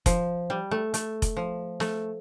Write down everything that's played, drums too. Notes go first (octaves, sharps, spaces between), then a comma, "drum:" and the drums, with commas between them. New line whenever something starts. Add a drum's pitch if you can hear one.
F3, drum: kick F1, hi-hat
G3
A3
A3, drum: hi-hat
drum: kick F1, hi-hat
F3
A3, drum: snare